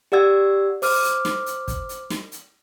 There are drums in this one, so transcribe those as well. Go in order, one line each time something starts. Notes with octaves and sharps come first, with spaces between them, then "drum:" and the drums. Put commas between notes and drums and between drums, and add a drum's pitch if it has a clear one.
G4 D5 F#5 E6 G#6
C5 D6 F6, drum: open hi-hat
drum: hi-hat
drum: snare
drum: hi-hat
drum: kick, hi-hat
drum: hi-hat
drum: snare
drum: hi-hat